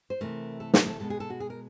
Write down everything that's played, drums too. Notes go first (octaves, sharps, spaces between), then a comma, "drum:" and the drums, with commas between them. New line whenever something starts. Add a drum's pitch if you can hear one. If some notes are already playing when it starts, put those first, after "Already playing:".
C5
C3 E3 A3 A#4
A4
A#4, drum: snare
A4
B2 G#3 B3 A4
G#4
A4
F#4
G#4
A#4